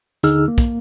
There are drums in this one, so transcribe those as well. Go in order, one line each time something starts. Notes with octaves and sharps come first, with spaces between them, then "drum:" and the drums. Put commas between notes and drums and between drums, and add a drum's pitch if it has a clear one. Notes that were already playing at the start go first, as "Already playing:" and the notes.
D#2 D3 D#4 G#4 E6 F6, drum: hi-hat
A#3
drum: kick, hi-hat